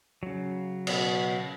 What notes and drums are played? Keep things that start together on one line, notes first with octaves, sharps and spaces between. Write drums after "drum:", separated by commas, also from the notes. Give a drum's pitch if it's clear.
C#3 F#3
B2, drum: cymbal